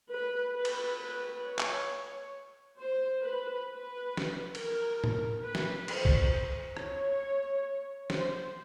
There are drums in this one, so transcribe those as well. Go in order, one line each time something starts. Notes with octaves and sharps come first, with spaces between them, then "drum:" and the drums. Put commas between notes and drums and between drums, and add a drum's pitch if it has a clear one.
B4
B4
drum: cymbal
B4
C#5
drum: clap
C5
B4
B4
drum: snare
A#4, drum: cymbal
drum: tom A2
B4
drum: snare
C5, drum: cymbal
drum: kick B1
C#5, drum: rim click
C5, drum: snare